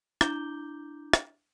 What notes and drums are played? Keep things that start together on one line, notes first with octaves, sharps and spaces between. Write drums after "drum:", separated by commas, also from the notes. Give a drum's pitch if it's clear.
D4 E4 A#5 D6 G6 G7, drum: rim click
drum: rim click